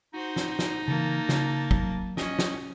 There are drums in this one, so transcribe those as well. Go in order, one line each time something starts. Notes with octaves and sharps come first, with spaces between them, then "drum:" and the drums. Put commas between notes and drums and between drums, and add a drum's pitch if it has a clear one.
D#4 F#4 C5
drum: snare
drum: snare
C#3 E3 A#3 A5
C#3, drum: snare
F#3, drum: kick
C#4 D#5, drum: snare
drum: snare